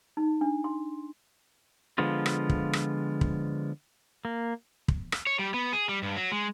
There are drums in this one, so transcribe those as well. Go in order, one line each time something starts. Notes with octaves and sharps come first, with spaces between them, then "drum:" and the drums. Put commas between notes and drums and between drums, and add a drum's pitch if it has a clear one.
D#4
D4
C6
D3 F3 G#3 B3 F4
drum: rim click
drum: kick
drum: rim click
drum: kick
A#3
drum: kick
drum: rim click
C#5
G3
B3
G#4
G3
G2
F#3
G#3